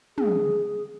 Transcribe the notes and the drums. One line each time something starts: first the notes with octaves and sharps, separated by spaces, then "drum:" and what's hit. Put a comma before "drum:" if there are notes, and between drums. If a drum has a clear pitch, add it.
G#4, drum: tom